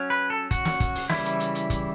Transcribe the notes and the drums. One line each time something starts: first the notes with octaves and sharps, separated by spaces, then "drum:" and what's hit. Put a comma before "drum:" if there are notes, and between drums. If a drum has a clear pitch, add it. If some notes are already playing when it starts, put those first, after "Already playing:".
Already playing: F#3 C#4
B4
A4
F#4, drum: kick, hi-hat
drum: snare
drum: kick, hi-hat
drum: open hi-hat
C#3 E3 G3 E4, drum: snare
drum: hi-hat
drum: hi-hat
drum: hi-hat
drum: kick, hi-hat